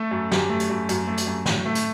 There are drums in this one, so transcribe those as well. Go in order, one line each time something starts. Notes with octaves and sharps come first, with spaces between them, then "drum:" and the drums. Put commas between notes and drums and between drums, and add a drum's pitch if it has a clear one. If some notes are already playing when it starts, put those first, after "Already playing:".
Already playing: A3 A4
F#2
F#2 G4, drum: snare
A3
drum: hi-hat
F#2
F#2, drum: hi-hat
A3
drum: hi-hat
F#2
A2, drum: snare
A3
drum: hi-hat